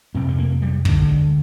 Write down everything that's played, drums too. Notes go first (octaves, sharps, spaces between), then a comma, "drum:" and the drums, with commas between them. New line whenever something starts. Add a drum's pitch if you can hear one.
F2 C3 C4
G#3
A#3
G3
D2 D3 G3, drum: kick
G#3